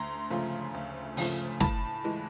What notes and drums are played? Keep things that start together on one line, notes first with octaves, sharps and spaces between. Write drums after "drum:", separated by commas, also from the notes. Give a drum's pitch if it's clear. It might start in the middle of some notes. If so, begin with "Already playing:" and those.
Already playing: D2 A#5 C6
C#3 F3 A3
D2
C#3 F3 A3, drum: open hi-hat
A2 A5 B5, drum: snare
E3 G#3